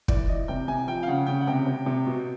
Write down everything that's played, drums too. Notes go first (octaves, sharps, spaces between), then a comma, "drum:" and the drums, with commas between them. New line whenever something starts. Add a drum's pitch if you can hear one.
E3 D5, drum: kick
E3 D#5
C3 G5
C3 G#5
F3 G5
F5
C#3 F#5
C#3 G5
F#5
C3 G5
C3
C3
B2